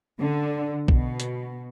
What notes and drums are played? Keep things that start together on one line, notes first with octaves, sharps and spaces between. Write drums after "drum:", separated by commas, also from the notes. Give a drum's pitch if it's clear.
D3
B2, drum: kick
drum: hi-hat